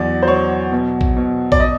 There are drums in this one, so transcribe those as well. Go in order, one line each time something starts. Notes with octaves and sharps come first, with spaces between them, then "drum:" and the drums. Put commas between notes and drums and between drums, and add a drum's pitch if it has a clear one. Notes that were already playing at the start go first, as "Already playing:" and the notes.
Already playing: E2 F#3 D5
C5
F#3 C#5
B2
drum: kick A#1
B2
D5, drum: kick A#1
D#5